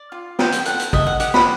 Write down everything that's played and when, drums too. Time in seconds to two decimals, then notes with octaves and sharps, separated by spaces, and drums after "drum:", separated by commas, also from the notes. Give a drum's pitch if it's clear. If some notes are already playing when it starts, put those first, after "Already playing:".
Already playing: D5
0.12 F4
0.39 F4 G5, drum: snare
0.52 drum: hi-hat
0.65 A4 F#5, drum: hi-hat
0.79 drum: hi-hat
0.93 D#5 E5, drum: kick
1.06 F#5
1.20 G4 F#5, drum: hi-hat
1.34 B5, drum: snare